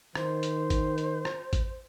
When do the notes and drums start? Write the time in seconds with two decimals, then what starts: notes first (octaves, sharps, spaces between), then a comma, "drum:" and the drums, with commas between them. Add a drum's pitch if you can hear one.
0.15 D#3 C5, drum: rim click
0.43 drum: hi-hat
0.70 drum: kick A1, hi-hat
0.98 drum: hi-hat
1.25 drum: rim click
1.53 drum: kick A1, hi-hat